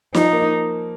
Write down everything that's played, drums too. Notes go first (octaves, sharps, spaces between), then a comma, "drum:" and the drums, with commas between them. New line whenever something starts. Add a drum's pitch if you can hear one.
F3 D#4, drum: snare
A#3